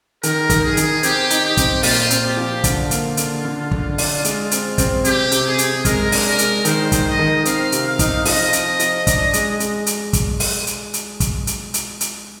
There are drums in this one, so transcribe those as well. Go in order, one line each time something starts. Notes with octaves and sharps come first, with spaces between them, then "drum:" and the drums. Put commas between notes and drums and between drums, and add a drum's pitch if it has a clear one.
D#3 A#4, drum: hi-hat
D#3, drum: kick, hi-hat
G#4
D#3, drum: hi-hat
C4 G4, drum: hi-hat
D#4, drum: hi-hat
G4
C4, drum: kick, hi-hat
A#2 F4, drum: open hi-hat
C4, drum: hi-hat
G4
F3
D3 F4, drum: kick, hi-hat
A#3, drum: hi-hat
D3, drum: hi-hat
D3
D3, drum: kick
D4, drum: open hi-hat
G#3, drum: hi-hat
C4, drum: hi-hat
C4, drum: kick, hi-hat
C3 G4, drum: hi-hat
C3, drum: hi-hat
G#4
C3, drum: hi-hat
G#3 A#4, drum: kick, hi-hat
D4, drum: open hi-hat
A#4
G#3, drum: hi-hat
D#3 C5, drum: hi-hat
D#3, drum: kick, hi-hat
D#5
D#3
C4 F5, drum: hi-hat
C3, drum: hi-hat
F5
D#4, drum: kick, hi-hat
F3 D#5, drum: open hi-hat
C4, drum: hi-hat
F3, drum: hi-hat
D4, drum: kick, hi-hat
G#3, drum: hi-hat
G#3, drum: hi-hat
drum: hi-hat
drum: kick, hi-hat
drum: open hi-hat
drum: hi-hat
drum: hi-hat
drum: kick, hi-hat
drum: hi-hat
drum: hi-hat
drum: hi-hat